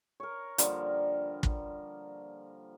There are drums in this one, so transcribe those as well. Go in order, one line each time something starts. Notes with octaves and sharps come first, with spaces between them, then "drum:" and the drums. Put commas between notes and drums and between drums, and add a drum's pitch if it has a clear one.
A#4 C#5
D3 F3 G3 A#3, drum: hi-hat
drum: kick